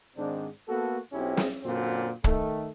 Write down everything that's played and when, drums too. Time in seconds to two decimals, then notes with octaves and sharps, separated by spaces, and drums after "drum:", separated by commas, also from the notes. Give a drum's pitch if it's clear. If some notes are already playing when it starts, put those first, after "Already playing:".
0.17 G#2 D#3 C4 D4
0.68 A#3 B3 F#4 A4
1.13 B1 C4 C#4 E4 G4
1.37 drum: snare
1.64 F#2 A#2 D3 C4 F#4
2.24 D#3 A3, drum: kick